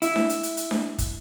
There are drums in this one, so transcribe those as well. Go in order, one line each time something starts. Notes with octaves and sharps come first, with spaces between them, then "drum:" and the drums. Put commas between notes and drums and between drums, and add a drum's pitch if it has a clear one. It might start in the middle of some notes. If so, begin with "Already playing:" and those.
E4, drum: hi-hat
drum: snare D4
drum: hi-hat
drum: hi-hat
drum: hi-hat
drum: snare D4
drum: kick, hi-hat